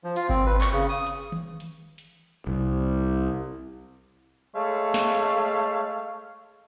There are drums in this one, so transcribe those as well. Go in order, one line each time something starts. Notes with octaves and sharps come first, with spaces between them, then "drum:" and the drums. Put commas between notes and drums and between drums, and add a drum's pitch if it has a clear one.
F3
F4, drum: hi-hat
C4, drum: kick G#1
B4
C#6, drum: clap
C#3
D#6
drum: hi-hat
drum: tom D#3
drum: hi-hat
drum: hi-hat
C2
G#3 A3 C#5 F5
drum: snare
drum: open hi-hat